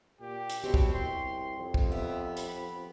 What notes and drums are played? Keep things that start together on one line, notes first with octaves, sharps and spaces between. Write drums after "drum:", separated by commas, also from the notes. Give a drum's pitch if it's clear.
A#2 G4
drum: hi-hat
B2 C4 G4 C#5
drum: kick
C2 C6
F2
drum: kick
B3 G4 E5
B5, drum: hi-hat